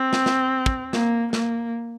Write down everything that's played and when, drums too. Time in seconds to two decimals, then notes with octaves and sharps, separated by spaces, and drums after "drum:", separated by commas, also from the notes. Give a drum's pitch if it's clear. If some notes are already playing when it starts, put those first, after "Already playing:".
Already playing: C4
0.13 drum: snare
0.26 drum: snare
0.66 drum: kick
0.93 A#3, drum: snare
1.33 A#3, drum: snare